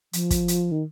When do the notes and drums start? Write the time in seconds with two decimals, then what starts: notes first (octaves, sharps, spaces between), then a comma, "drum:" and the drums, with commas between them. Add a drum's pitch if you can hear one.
0.13 F3, drum: hi-hat
0.31 drum: kick, hi-hat
0.48 drum: hi-hat
0.72 D#3